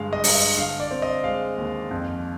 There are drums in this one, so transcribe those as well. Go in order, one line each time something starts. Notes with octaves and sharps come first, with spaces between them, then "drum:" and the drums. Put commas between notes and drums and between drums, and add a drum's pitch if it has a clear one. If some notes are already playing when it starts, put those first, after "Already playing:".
Already playing: G2 D3 G#3 F5
D#5
G2, drum: open hi-hat
D#5
D3 F5
D5
C4
D#5
G#3 F5
D#2
F2